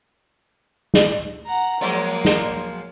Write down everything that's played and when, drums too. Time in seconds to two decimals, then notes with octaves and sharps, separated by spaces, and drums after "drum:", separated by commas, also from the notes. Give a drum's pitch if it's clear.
0.94 drum: snare
1.46 F#5 A#5
1.81 F3 F#3 G#3 A#3
2.25 drum: snare